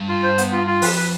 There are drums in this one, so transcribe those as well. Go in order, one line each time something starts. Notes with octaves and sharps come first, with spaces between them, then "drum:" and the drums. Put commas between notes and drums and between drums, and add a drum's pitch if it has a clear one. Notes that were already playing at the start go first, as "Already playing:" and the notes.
Already playing: G2
F4
C5
B3, drum: hi-hat
F4
F4
F2 B4, drum: open hi-hat
B4